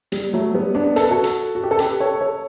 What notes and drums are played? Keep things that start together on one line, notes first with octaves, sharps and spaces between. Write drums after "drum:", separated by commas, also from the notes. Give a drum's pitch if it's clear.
G3, drum: hi-hat
F#3 A3
G3 B3
B3 D4
A4, drum: hi-hat
B4
F#4 A4
drum: hi-hat
F#4
G4
A4
G4 B4, drum: hi-hat
A4 C#5
A4 C#5